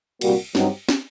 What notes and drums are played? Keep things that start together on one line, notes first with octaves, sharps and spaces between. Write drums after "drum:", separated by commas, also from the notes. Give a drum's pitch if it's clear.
C2 A#2 G3 A#3 F#4, drum: cymbal
G2 F#3 C4 D#4 G4, drum: snare
drum: snare